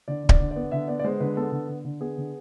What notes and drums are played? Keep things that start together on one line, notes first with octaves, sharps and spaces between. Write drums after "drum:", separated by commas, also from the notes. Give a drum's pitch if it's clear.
D3 D5
D3
D5, drum: kick D1
D3
D5
B3
D3 E5
B3 D5
D5
G#3 C5
D3 B4
B3 A4
D3
D3
D3
B3 G#4
D3